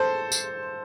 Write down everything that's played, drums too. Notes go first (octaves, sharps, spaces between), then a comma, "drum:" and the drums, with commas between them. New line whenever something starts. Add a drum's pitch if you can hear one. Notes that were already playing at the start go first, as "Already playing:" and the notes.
Already playing: A4 C5
drum: tambourine